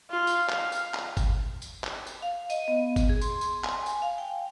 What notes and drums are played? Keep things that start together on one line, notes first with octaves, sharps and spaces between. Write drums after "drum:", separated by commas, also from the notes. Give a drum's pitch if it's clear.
F4
drum: tambourine
F5, drum: clap
drum: tambourine
drum: clap
drum: kick G1, tambourine
drum: tambourine
drum: clap
drum: tambourine
F5
D#5, drum: tambourine
B3
drum: kick G1, tambourine
G#4
C6, drum: tambourine
drum: tambourine
G#5, drum: clap
drum: tambourine
F5
G5